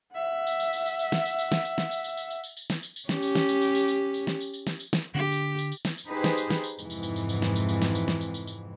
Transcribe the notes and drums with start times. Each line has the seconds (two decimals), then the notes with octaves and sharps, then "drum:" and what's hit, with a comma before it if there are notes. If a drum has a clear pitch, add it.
0.12 E5 F#5
0.47 drum: tambourine
0.60 drum: tambourine
0.73 drum: tambourine
0.86 drum: tambourine
0.99 drum: tambourine
1.12 drum: snare
1.25 drum: tambourine
1.39 drum: tambourine
1.52 drum: snare
1.65 drum: tambourine
1.78 drum: snare
1.91 drum: tambourine
2.04 drum: tambourine
2.17 drum: tambourine
2.30 drum: tambourine
2.44 drum: tambourine
2.57 drum: tambourine
2.70 drum: snare
2.83 drum: tambourine
2.96 drum: tambourine
3.09 C#4 G4, drum: snare
3.22 drum: tambourine
3.35 drum: snare
3.49 drum: tambourine
3.62 drum: tambourine
3.75 drum: tambourine
3.88 drum: tambourine
4.14 drum: tambourine
4.27 drum: snare
4.40 drum: tambourine
4.54 drum: tambourine
4.67 drum: snare
4.80 drum: tambourine
4.93 drum: snare
5.15 D3 D4 G4
5.32 drum: tambourine
5.59 drum: tambourine
5.72 drum: tambourine
5.85 drum: snare
5.98 drum: tambourine
6.07 D#4 G4 G#4 B4 C5
6.24 drum: snare
6.37 drum: tambourine
6.50 drum: snare
6.64 drum: tambourine
6.79 F2 G#2 C3 E3, drum: tambourine
6.90 drum: tambourine
7.03 drum: tambourine
7.16 drum: tambourine
7.29 drum: tambourine
7.42 drum: snare
7.55 drum: tambourine
7.69 drum: tambourine
7.82 drum: snare
7.95 drum: tambourine
8.08 drum: snare
8.21 drum: tambourine
8.34 drum: tambourine
8.47 drum: tambourine